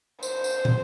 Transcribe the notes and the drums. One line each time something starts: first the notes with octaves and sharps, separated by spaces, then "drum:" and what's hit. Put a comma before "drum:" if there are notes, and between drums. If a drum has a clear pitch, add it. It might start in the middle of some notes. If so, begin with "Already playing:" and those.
C5, drum: tambourine
drum: tambourine
drum: tom